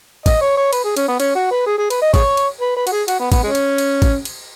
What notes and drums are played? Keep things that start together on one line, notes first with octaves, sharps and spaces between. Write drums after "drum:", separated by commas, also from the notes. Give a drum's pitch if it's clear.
D#5, drum: kick G#1, cymbal
C#5
C#5
B4, drum: cymbal
G#4
C#4, drum: cymbal
B3
C#4, drum: cymbal
F#4
B4
G#4
G#4
B4, drum: cymbal
D#5
G#4 C#5, drum: kick G#1, cymbal
drum: cymbal
B4
B4
F#4, drum: cymbal
G#4
F#4, drum: cymbal
B3
B3, drum: kick G#1, cymbal
G#3 C#4
drum: cymbal
drum: cymbal
drum: kick G#1, cymbal
drum: cymbal